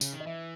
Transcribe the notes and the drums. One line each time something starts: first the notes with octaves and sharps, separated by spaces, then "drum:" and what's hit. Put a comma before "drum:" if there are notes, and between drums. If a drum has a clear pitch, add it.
C#3, drum: tambourine
D#3
D#5
E3 E5